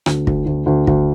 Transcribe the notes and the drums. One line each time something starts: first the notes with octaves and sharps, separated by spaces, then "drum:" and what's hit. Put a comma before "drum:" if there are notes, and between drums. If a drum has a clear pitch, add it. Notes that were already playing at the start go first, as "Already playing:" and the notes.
D2, drum: rim click
D2, drum: kick
D2
D2
D2, drum: kick